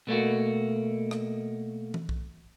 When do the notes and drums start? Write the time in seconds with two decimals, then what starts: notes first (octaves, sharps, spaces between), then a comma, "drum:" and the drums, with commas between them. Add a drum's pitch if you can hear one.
0.07 B2 A3 A#3 F#4
1.11 drum: rim click
1.94 drum: tom
2.09 drum: kick